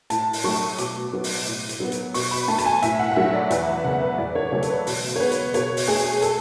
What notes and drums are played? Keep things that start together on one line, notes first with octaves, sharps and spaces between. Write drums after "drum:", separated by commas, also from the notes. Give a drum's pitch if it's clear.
A2 A5, drum: hi-hat
drum: open hi-hat
F#3 A3 C#6
B2 D6, drum: hi-hat
F#3 B3
drum: open hi-hat
A2
drum: hi-hat
F#3 B3
drum: hi-hat
B2 C#6, drum: open hi-hat
B5
A3 A5
A5, drum: hi-hat
G#5
A2 E5, drum: hi-hat
F#5
F#5
F#3 A3 E5
D5
E2 B4, drum: hi-hat
F#5
E5
C#3 G#3 B3 F#5
B4
E2 D5
B4
C#5
C#3 F#3 A3 C#5
A4, drum: hi-hat
B4
B2, drum: open hi-hat
C#5
G#3 B3 B4
drum: hi-hat
B2 C#5, drum: hi-hat
drum: open hi-hat
A3 G#4
A4, drum: hi-hat